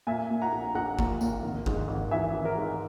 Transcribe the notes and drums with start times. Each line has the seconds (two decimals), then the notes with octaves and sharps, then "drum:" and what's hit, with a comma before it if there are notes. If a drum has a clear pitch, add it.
0.07 A#2 E5 G#5
0.31 A#2
0.42 F#5 A#5
0.53 A#1
0.75 A#1 F#5 A#5
0.99 A#2, drum: kick G1
1.21 A#2, drum: tambourine
1.43 G#1
1.66 G#2, drum: kick G1
1.88 G#1
2.11 E3 E5 G#5
2.34 G#1
2.45 A#4
2.57 G#2